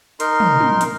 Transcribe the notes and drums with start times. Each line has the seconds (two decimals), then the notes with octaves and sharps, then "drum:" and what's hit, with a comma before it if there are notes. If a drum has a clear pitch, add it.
0.20 D#4 A#4 C6, drum: hi-hat
0.40 drum: tom
0.60 drum: tom
0.81 drum: hi-hat